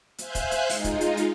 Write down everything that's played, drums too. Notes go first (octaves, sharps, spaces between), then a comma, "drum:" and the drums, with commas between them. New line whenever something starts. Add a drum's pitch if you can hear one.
C5 E5 F5 G#5 F#6 G6, drum: hi-hat
drum: kick, hi-hat
drum: hi-hat
G#3 D#4 F4, drum: open hi-hat
drum: kick, hi-hat
drum: hi-hat
drum: hi-hat